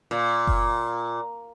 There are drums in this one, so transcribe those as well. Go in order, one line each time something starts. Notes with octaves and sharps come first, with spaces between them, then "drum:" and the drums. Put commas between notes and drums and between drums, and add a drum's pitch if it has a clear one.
A#2
drum: kick F#1